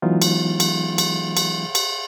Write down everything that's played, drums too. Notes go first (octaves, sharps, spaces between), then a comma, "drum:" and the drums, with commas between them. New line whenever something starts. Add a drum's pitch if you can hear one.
E3 F#3 G#3 B3 D#4 F4
drum: cymbal
drum: cymbal
drum: cymbal
drum: cymbal
drum: cymbal